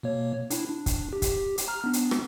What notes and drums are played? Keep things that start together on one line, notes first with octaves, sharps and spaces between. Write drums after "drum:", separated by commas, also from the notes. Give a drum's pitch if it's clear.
B2 A#3 C#5
D4 E4, drum: hi-hat
D4
drum: kick, hi-hat
G4
drum: kick, hi-hat
drum: hi-hat
A#5 F6
B3 D4
drum: hi-hat
drum: rim click